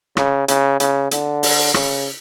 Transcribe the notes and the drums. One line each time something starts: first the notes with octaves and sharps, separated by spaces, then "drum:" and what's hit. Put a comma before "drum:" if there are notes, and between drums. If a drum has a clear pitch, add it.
C#3, drum: rim click
C#3, drum: hi-hat
C#3, drum: hi-hat
D3, drum: hi-hat
drum: open hi-hat
C#3, drum: rim click